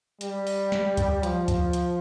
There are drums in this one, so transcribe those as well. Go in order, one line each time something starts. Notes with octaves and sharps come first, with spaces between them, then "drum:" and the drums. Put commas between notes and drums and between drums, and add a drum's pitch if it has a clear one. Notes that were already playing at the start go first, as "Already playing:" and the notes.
G3, drum: hi-hat
drum: open hi-hat
drum: snare
drum: kick C#2, hi-hat
F3, drum: hi-hat
drum: kick C#2, hi-hat
drum: hi-hat